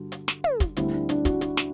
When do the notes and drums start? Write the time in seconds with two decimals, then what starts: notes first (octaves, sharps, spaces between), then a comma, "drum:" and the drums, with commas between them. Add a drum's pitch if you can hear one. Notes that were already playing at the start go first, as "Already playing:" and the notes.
Already playing: G2 D3 F#4
0.12 drum: hi-hat
0.28 drum: snare
0.44 drum: tom
0.60 drum: kick, hi-hat
0.76 D2 D3 G3 C4 E4, drum: hi-hat
0.92 D4
1.09 D4, drum: hi-hat
1.25 F#4, drum: kick, hi-hat
1.41 F#4, drum: hi-hat
1.57 drum: snare